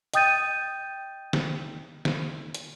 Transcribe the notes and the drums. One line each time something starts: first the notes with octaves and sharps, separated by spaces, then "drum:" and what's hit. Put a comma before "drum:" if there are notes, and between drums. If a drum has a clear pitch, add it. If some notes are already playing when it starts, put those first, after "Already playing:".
D#5 G5 D#6 G6 A6 D#7, drum: hi-hat
drum: snare
drum: snare
drum: hi-hat